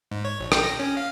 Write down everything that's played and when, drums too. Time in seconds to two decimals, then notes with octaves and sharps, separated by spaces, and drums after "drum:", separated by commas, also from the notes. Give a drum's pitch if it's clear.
0.11 G#2
0.25 C#5
0.39 A#1
0.52 G5, drum: rim click
0.63 A#6
0.80 C#4
0.97 F5